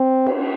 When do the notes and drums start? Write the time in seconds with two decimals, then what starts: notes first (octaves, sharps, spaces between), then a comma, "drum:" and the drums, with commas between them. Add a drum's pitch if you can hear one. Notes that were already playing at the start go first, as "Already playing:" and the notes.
Already playing: C4
0.26 drum: cymbal